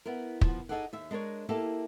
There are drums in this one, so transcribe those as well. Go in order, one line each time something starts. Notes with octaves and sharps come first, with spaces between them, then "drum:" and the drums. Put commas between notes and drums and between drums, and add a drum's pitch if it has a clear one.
B3 E4 A#4
F3 B3, drum: kick
D#4 F4 G#4 A4 D5 F#5
D#2 E5
G#3 D4 A#4 C#5
A#3 E4 G4 A4